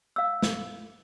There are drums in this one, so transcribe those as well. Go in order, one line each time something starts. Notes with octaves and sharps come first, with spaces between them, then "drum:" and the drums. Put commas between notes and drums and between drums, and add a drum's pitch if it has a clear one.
F5 E6
drum: snare